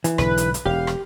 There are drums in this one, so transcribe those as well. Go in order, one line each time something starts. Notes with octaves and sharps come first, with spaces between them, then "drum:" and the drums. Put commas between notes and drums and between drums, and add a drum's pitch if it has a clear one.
E3, drum: hi-hat
B1 G#2 D3 B4, drum: rim click
drum: hi-hat
drum: hi-hat
E1 G4 F5
drum: rim click